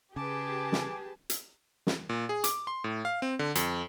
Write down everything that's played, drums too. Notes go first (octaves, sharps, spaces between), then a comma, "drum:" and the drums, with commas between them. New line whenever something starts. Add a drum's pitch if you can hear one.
C#3 G4 G#4 B4 A5 D6
drum: snare
drum: hi-hat
drum: snare
A#2
G#4
D6, drum: hi-hat
C6
A2
F5
C4
D3
F2, drum: hi-hat